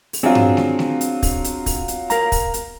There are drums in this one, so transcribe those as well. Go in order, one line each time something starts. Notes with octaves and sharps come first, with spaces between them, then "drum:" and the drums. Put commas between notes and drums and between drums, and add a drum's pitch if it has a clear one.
drum: open hi-hat
F#3 C4 D4 F4 G#4
drum: tom G2
drum: snare
drum: snare
drum: hi-hat
drum: kick, open hi-hat
drum: hi-hat
drum: kick, open hi-hat
drum: hi-hat
A#4 F5 A#5, drum: hi-hat
drum: kick, open hi-hat
drum: hi-hat